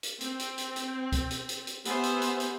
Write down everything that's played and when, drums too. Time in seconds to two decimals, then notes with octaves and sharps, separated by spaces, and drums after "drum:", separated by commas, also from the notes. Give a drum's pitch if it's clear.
0.03 drum: hi-hat
0.21 C4, drum: hi-hat
0.39 drum: hi-hat
0.58 drum: hi-hat
0.76 drum: hi-hat
1.12 drum: kick, hi-hat
1.31 drum: hi-hat
1.49 drum: hi-hat
1.67 drum: hi-hat
1.85 B3 G4 C5 E5 F#5 G#5, drum: hi-hat
2.03 drum: hi-hat
2.22 drum: hi-hat
2.40 drum: hi-hat